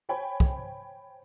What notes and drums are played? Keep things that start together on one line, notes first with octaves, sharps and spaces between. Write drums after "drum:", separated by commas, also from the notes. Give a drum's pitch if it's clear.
C5 C#5 G5 G#5 B5
drum: kick